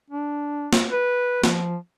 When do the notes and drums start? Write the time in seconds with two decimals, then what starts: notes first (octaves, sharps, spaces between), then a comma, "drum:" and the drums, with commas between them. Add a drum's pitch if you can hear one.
0.10 D4
0.73 drum: snare
0.92 B4
1.44 F3, drum: snare